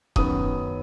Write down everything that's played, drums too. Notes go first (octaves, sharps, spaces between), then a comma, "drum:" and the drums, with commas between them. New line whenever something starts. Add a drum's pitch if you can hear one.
F#2 D#3 B3 D#6, drum: kick E1